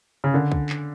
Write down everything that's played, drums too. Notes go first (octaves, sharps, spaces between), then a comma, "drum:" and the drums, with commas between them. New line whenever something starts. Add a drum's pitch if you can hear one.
C#3
D3
drum: kick
drum: clap